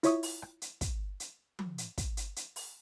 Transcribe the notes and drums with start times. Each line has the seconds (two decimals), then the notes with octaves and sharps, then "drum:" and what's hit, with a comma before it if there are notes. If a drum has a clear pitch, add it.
0.03 E4 F4 C#5 E5 C#6 D#6, drum: hi-hat
0.23 drum: open hi-hat
0.42 drum: rim click
0.62 drum: hi-hat
0.81 drum: kick, hi-hat
1.20 drum: hi-hat
1.59 drum: tom F3
1.78 drum: hi-hat
1.98 drum: kick, hi-hat
2.17 drum: hi-hat
2.36 drum: hi-hat
2.56 drum: open hi-hat